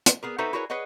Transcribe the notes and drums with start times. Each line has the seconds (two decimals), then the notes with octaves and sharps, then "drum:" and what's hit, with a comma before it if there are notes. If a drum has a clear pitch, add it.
0.06 drum: hi-hat
0.23 B3 G#4 A#4
0.38 D#4 F#4 A4 B4 C5 E5
0.53 E4 F#4 G#4 A#4 B4 C#5
0.70 G#4 B4 C#5 D#5 F#5